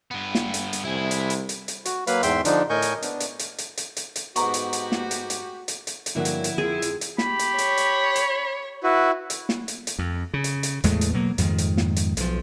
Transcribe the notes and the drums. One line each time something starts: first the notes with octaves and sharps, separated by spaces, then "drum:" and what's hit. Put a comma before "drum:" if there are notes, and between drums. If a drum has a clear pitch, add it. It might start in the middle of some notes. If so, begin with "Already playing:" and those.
G2 B3
drum: snare
drum: hi-hat
drum: hi-hat
C2 E4 G#4
drum: hi-hat
drum: hi-hat
drum: hi-hat
drum: hi-hat
F#4, drum: hi-hat
F#3 A#3 B4 F5 B5, drum: hi-hat
E2 G#2 E5 G5 C6, drum: hi-hat
D3 F3 D4 D#4, drum: hi-hat
A2 A#4 D#5 G#5 C#6 G6
drum: hi-hat
B3 D4, drum: hi-hat
drum: hi-hat
drum: hi-hat
drum: hi-hat
drum: hi-hat
drum: hi-hat
drum: hi-hat
G#2 B3 F#4 G4 A#5 C#6, drum: hi-hat
drum: hi-hat
drum: hi-hat
drum: snare
drum: hi-hat
drum: hi-hat
drum: hi-hat
drum: hi-hat
drum: hi-hat
G2 D3 F3 F#3 A#3 E4 F#5
drum: hi-hat
drum: hi-hat
F2 G#4
drum: hi-hat
drum: hi-hat
G4 B5, drum: snare
drum: hi-hat
C#5, drum: hi-hat
drum: hi-hat
drum: hi-hat
E4 F#4 B4
drum: hi-hat
drum: snare
drum: hi-hat
drum: hi-hat
F2
C#3
drum: hi-hat
drum: hi-hat
E2 A2 G#3 A3, drum: hi-hat
drum: hi-hat
B2 F#3 A#3
F2 G#2 D#3, drum: hi-hat
drum: hi-hat
drum: snare
drum: hi-hat
B1 F3, drum: hi-hat